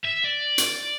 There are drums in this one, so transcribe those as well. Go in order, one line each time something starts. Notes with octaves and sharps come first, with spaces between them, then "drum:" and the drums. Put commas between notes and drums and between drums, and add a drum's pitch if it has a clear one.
E5
D5
drum: hi-hat